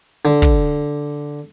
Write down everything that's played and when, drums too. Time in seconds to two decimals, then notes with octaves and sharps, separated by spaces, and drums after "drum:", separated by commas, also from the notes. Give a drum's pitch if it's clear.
0.25 D3
0.42 drum: kick